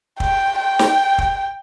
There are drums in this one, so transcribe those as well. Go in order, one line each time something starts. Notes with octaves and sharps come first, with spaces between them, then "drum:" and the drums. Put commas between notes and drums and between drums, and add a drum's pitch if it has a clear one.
G5, drum: kick
G5
drum: snare
drum: kick